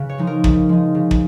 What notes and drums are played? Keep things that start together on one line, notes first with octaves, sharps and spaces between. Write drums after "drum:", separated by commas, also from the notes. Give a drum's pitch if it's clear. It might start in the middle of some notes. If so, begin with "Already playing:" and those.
Already playing: C#3 B4
C#5
F3 G#3 D#4
A#4
C#3, drum: kick
F3 G#3 D#4
C#3
drum: kick